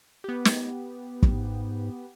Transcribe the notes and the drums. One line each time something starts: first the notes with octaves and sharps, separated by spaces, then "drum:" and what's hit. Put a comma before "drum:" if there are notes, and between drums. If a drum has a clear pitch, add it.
B3 G4
drum: snare
drum: kick
G#2